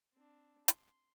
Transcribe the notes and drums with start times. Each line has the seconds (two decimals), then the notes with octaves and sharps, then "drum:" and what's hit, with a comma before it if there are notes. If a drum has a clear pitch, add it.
0.13 C4 D4
0.68 C6, drum: hi-hat